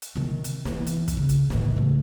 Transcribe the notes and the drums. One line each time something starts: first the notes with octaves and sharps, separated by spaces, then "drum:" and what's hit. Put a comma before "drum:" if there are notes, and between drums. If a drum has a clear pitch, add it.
drum: hi-hat
C3 D#3
drum: hi-hat
E3 B3, drum: snare
drum: hi-hat
drum: kick, hi-hat
C#3
drum: hi-hat
A2 D#3, drum: snare
C#3 A3